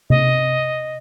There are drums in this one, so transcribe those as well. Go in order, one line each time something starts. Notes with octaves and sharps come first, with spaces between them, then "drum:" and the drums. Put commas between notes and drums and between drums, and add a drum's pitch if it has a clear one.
D#5, drum: tom C3